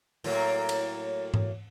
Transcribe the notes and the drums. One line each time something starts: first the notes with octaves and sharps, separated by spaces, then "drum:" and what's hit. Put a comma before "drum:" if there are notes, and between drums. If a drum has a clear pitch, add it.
A2 F#3 A#3, drum: open hi-hat
drum: cymbal
drum: tom G#2